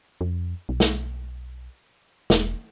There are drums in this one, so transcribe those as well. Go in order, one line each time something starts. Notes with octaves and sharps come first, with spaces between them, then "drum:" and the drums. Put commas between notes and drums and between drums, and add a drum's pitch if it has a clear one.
F2
B1
drum: snare
E1, drum: snare